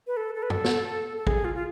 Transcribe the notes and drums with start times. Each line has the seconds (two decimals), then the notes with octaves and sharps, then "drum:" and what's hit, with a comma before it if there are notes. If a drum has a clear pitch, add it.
0.07 B4
0.17 A4
0.35 A4
0.43 B4
0.50 A4, drum: tom F#2
0.64 drum: snare
1.17 A4
1.27 G#4, drum: kick
1.45 F4
1.55 F4